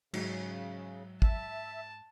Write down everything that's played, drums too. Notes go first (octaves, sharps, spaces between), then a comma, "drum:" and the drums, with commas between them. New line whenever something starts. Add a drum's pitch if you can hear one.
G#2 C#3 F#3, drum: cymbal
E5 A5, drum: kick